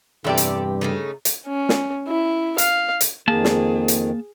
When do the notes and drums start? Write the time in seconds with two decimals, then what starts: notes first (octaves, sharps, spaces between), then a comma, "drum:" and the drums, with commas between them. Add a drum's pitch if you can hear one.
0.24 E2 G2 C3 G4 A4 D5
0.37 drum: hi-hat
0.81 C#3 A3 D#4
1.25 drum: hi-hat
1.47 C#4
1.69 drum: snare
2.08 E4
2.58 F5, drum: hi-hat
3.01 drum: hi-hat
3.28 F2 D#3 A#3 G#4 A5
3.44 drum: snare
3.88 drum: hi-hat